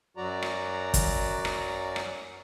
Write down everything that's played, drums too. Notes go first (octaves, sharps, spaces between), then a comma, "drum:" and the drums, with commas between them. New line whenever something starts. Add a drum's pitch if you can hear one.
F#2 F#3 F#4 D5 A#5
drum: rim click
drum: kick, hi-hat
drum: rim click
drum: rim click